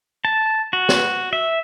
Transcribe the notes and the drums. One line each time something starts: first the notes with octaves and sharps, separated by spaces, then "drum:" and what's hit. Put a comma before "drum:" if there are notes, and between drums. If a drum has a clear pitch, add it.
A5
F#4
drum: snare
E5